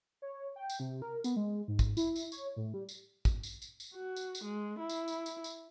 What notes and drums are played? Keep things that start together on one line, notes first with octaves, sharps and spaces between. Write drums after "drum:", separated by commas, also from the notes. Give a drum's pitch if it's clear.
C#5
G5
drum: tambourine
C3
A#4
B3, drum: tambourine
G#3
G#2
drum: kick, tambourine
E4, drum: tambourine
drum: tambourine
C#5, drum: tambourine
A2
G3
drum: tambourine
drum: kick, tambourine
drum: tambourine
drum: tambourine
drum: tambourine
F#4
drum: tambourine
drum: tambourine
G#3
E4
drum: tambourine
drum: tambourine
drum: tambourine
drum: tambourine